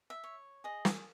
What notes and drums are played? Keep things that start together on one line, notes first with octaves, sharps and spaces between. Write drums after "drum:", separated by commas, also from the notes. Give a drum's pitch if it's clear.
E5
C#5
G#4 D#5
drum: snare